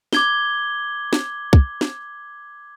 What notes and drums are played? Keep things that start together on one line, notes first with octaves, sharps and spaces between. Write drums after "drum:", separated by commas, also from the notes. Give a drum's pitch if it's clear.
D6 G#6 G7, drum: snare
drum: snare
drum: kick
drum: snare